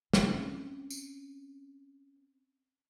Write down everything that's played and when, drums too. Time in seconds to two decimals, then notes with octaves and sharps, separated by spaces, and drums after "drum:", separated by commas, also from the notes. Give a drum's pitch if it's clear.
0.13 C4 C#4, drum: snare
0.90 drum: tambourine